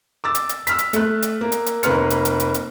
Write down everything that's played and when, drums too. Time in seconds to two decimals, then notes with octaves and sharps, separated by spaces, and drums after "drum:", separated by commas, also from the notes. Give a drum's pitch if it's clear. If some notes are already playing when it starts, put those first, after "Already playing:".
0.24 D6 E6 A6
0.35 drum: hi-hat
0.49 drum: hi-hat
0.67 E6 F6 B6, drum: hi-hat
0.79 drum: hi-hat
0.93 A3 F#6, drum: hi-hat
1.22 drum: hi-hat
1.41 A#3
1.52 drum: hi-hat
1.66 drum: hi-hat
1.83 F1 A#3 B4 C6 F6 C#7, drum: hi-hat
2.10 drum: hi-hat
2.25 drum: hi-hat
2.40 drum: hi-hat
2.54 drum: hi-hat